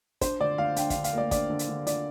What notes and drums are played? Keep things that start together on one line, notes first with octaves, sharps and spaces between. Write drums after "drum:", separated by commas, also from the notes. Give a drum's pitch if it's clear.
D4 C5, drum: kick, hi-hat
D3 D5
D3 F5
D4 G5, drum: hi-hat
F5, drum: kick, hi-hat
D3
F5, drum: hi-hat
A#3 D5
D4 D5, drum: kick, hi-hat
D3
drum: hi-hat
D3
D3 D5, drum: hi-hat